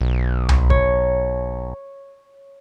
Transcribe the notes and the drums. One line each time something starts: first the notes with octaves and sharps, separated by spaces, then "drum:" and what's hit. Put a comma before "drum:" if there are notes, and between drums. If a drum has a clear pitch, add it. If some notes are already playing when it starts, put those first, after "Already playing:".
B1
drum: tom C2
C#5, drum: kick F#1